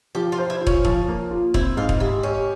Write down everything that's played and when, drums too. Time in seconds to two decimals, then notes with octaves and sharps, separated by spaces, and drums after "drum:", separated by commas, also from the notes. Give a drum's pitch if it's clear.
0.15 F3 G4
0.32 F4
0.38 C5
0.50 E4
0.61 F4
0.67 C#4, drum: kick
0.85 F3, drum: kick
1.08 A#3
1.31 F4
1.54 C4 E4, drum: kick
1.77 G#2 F4
1.89 drum: kick
2.00 E4 G4
2.23 C#4 G4